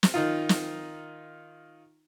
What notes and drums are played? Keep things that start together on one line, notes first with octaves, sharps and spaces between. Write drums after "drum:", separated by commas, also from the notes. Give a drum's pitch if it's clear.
drum: snare
D#3 D#4 F4
drum: snare